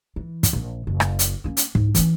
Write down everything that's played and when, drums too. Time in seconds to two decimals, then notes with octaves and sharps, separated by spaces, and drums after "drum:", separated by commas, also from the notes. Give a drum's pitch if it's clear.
0.16 E3
0.43 drum: kick, hi-hat
0.53 A#1
0.87 F#1
1.00 drum: rim click
1.19 drum: hi-hat
1.44 A#3 C#4
1.57 drum: hi-hat
1.75 G#2, drum: kick
1.95 E3 C#4, drum: hi-hat